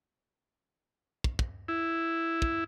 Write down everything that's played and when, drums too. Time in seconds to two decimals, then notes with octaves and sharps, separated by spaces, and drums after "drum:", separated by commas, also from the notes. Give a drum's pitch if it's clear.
1.24 drum: kick
1.39 drum: kick
1.68 E4
2.42 drum: kick